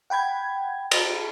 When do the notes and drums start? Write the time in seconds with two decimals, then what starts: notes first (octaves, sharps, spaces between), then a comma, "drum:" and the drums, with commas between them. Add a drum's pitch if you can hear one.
0.10 F#5 G5 B5 G#6
0.91 drum: cymbal